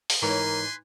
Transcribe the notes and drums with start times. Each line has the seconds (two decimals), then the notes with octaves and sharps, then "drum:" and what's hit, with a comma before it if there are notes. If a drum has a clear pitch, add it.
0.10 drum: open hi-hat
0.22 G#2 E3 A#4 B4 C#5 G#5 C6